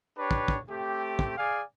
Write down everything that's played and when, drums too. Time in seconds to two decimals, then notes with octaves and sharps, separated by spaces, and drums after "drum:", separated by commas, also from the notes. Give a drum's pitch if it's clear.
0.17 D4 G4 B4 C#5
0.31 drum: kick
0.48 drum: kick
0.69 A3 C4 G4
1.19 drum: kick
1.36 G#4 D5 F5 G#5